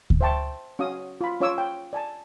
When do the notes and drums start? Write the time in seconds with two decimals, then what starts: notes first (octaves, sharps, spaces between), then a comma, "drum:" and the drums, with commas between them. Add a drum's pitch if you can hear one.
0.10 drum: kick D2
0.21 C5 E5 G5 A5 C#6
0.79 C#4 F#4 F5 D#6
1.21 F4 B5
1.40 C#4 F4 C#5 F5 D6 E6
1.58 G5
1.93 D5 G#5 A5